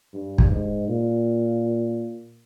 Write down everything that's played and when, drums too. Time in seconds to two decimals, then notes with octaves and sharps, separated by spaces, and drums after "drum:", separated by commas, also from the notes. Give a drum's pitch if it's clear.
0.14 G2
0.38 drum: kick
0.51 G#2
0.88 A#2